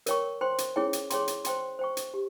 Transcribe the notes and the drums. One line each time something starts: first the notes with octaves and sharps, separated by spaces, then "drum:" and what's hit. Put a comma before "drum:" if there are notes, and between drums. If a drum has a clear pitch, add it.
A#4 C#5 G5 C#6, drum: hi-hat
C5 G5 C6
drum: hi-hat
C#4 E4 G#4 C#5 G5
drum: hi-hat
G#4 C#5 G5 C6, drum: hi-hat
drum: hi-hat
C5 G5 C6, drum: hi-hat
C5 G5 C#6
drum: hi-hat
G4